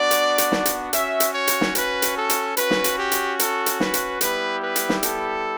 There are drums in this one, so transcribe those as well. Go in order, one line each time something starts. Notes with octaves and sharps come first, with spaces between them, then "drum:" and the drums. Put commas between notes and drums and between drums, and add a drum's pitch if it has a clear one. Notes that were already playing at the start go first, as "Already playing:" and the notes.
Already playing: B3 D4 F#4 D5
drum: hi-hat
drum: hi-hat
drum: snare
drum: hi-hat
C#4 F#4 E5, drum: hi-hat
drum: hi-hat
C#5
drum: hi-hat
drum: snare
B4, drum: hi-hat
drum: hi-hat
A4
drum: hi-hat
C#4 F#4 B4, drum: hi-hat
drum: snare
drum: hi-hat
G4
drum: hi-hat
A4, drum: hi-hat
drum: hi-hat
B4, drum: snare
drum: hi-hat
G3 B3 E4 G4 B4, drum: hi-hat
B4
drum: hi-hat
drum: snare
A4, drum: hi-hat